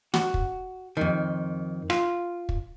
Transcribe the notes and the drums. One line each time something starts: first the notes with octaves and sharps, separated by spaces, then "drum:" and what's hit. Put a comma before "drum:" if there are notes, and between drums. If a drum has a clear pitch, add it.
F#4, drum: snare
drum: kick
F2 D#3
F4, drum: rim click
drum: kick